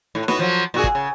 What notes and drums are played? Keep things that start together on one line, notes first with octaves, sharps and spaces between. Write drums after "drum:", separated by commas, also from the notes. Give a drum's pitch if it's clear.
A2
A2 B3 F#4, drum: snare D#4
F3 F#3
A#2 F#4 G#4
drum: kick
C#3